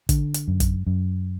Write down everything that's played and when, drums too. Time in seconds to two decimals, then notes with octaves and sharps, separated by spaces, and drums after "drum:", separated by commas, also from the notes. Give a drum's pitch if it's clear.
0.09 D3, drum: kick, hi-hat
0.34 drum: hi-hat
0.48 F#2
0.60 drum: kick, hi-hat
0.87 F#2